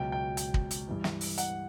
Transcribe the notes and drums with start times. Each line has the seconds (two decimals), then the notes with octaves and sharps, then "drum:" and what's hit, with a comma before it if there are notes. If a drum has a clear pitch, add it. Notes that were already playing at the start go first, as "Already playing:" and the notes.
Already playing: C#2 B2 F#3 G5
0.12 G5
0.37 G5, drum: hi-hat
0.54 drum: kick
0.71 drum: hi-hat
0.88 G2 E3
1.04 drum: snare
1.21 drum: open hi-hat
1.38 F#5, drum: hi-hat